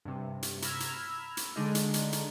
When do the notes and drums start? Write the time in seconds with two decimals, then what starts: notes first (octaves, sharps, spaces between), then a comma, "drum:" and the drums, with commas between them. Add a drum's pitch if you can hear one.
0.05 G2 C3
0.43 drum: hi-hat
0.62 A#5 B5 E6 F6 G#6, drum: hi-hat
0.80 drum: hi-hat
1.37 drum: hi-hat
1.56 D3 G#3 D4 D#4
1.75 drum: hi-hat
1.94 drum: hi-hat
2.13 drum: hi-hat